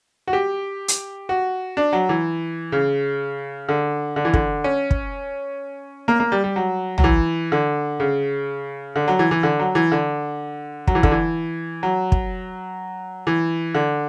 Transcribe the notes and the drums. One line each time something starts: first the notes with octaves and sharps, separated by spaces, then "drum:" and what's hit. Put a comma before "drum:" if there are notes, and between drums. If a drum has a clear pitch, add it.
F#4
G4
drum: hi-hat
F#4
D4
F#3
E3
C#3
D3
D3
E3
D3, drum: kick
C#4
drum: kick
A#3
A#3
G3
G3
F#3
F#3, drum: tom
E3
D3
C#3
D3
F#3
E3
E3
D3
F#3
E3
D3
F#3, drum: kick
E3
D3, drum: kick
E3
F#3
drum: kick
E3
D3